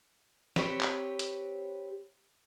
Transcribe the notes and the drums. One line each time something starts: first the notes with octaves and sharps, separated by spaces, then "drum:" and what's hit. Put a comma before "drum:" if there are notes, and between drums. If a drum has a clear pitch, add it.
C4 G4 B4 C#5, drum: snare
drum: clap
drum: hi-hat